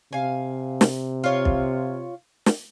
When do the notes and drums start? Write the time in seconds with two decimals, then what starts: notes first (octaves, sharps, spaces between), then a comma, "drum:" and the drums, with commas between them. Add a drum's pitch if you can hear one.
0.13 C3 F5 G#5
0.81 drum: snare
1.24 F4 C#5
1.45 drum: kick
2.46 drum: snare